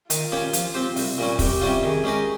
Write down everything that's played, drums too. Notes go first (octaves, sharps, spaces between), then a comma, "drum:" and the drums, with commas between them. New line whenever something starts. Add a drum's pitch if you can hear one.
D#3 F4, drum: hi-hat
A#3 C#4 G4 C#5
F3, drum: hi-hat
C4 G4 C5
C2, drum: open hi-hat
A#2 G3 C#4
C2 G4, drum: kick, open hi-hat
C3 G3 C#4 F4
D#3 G#4
G#3 C#4 G4 A#4